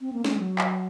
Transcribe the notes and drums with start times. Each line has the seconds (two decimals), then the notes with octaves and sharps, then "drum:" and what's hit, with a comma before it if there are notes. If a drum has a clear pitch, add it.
0.01 C4
0.13 A#3
0.24 G#3, drum: snare
0.37 F#3
0.58 drum: clap